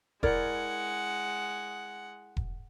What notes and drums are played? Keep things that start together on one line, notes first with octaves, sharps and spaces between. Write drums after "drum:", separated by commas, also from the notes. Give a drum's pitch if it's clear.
G#3 E4 A#4 D5 F#5, drum: kick E1
drum: kick E1